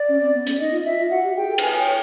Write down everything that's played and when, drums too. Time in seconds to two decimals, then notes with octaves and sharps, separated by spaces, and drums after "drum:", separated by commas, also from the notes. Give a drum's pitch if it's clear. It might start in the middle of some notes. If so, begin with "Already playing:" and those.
Already playing: D5
0.09 C#4
0.21 C4
0.33 B3
0.47 C#4, drum: hi-hat
0.59 D#4 D#5
0.72 F4
0.85 F4 E5
0.98 F4
1.10 F#4 F#5
1.23 G4
1.36 G#4 G5
1.49 A4
1.58 C5, drum: cymbal
1.62 B4 G#5
1.79 C#5 G5